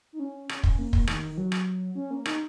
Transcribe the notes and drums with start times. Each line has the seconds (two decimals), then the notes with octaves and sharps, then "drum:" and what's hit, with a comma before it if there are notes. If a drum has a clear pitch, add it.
0.13 D#4
0.19 C#4
0.49 C#4, drum: rim click
0.63 drum: kick
0.78 A#3
0.93 drum: kick
1.07 D#3, drum: rim click
1.31 D#3
1.37 F#3
1.52 drum: rim click
1.95 C#4
2.11 A#3
2.26 D#4, drum: rim click